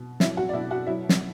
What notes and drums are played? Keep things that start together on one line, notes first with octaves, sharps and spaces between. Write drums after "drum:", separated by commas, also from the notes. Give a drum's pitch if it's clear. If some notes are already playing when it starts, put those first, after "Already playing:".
Already playing: B2
F#3 E4 E5, drum: snare
F#4 F#5
D5
B2 E4 E5
F#4 F#5
F#3 E4 E5
drum: snare